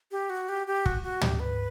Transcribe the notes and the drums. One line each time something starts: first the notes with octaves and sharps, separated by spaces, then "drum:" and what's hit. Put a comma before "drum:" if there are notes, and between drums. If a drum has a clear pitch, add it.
G4
F#4
G4
G4
F#4, drum: kick
F#4
G4, drum: tom
B4